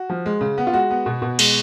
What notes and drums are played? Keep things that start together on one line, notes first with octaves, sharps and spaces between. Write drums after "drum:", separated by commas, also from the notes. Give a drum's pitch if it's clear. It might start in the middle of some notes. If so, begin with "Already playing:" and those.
Already playing: F#4
F3
G#3
C#3
B3
F4
G#3 F#4
B3
B2
B2
G#3, drum: cymbal